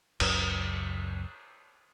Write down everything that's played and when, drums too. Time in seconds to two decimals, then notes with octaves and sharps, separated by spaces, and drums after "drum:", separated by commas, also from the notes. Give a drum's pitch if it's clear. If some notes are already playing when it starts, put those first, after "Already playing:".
0.20 F#1 C#2 F#2, drum: cymbal